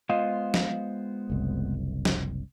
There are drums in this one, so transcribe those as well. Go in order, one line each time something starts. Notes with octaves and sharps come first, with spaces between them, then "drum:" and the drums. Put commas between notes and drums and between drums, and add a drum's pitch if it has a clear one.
G#3 B3 F4 C5 D#5
drum: snare
F#1 C2
drum: snare